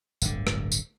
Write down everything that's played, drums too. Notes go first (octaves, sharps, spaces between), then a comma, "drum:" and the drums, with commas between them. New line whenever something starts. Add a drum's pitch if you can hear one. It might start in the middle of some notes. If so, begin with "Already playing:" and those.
D1 G1 D3, drum: tambourine
drum: rim click
drum: tambourine